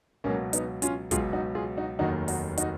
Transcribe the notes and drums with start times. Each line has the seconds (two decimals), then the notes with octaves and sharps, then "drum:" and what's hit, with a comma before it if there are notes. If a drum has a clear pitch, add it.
0.24 C#2 B2 F#3 A#3 C#4
0.53 B3 D#4, drum: hi-hat
0.82 C#4 F4, drum: hi-hat
1.11 C#2 B2 F#3 F4 G#4, drum: kick, hi-hat
1.33 D#4 F#4
1.55 F4 G#4
1.77 D#4 F#4
1.99 F1 D#2 D#3 F#3 D#4 F#4
2.28 D#4 F#4, drum: open hi-hat
2.57 D#4 F#4, drum: hi-hat